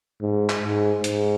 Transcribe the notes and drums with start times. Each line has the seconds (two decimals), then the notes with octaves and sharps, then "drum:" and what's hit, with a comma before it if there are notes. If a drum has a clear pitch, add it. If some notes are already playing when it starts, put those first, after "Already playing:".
0.22 G#2
0.49 drum: clap
0.63 G#2
1.04 G#2, drum: hi-hat